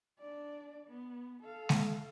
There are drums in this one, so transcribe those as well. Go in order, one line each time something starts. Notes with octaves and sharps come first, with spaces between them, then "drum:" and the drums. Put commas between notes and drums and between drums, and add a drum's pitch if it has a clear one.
D4 D5
B3
A4 F5
drum: snare G#3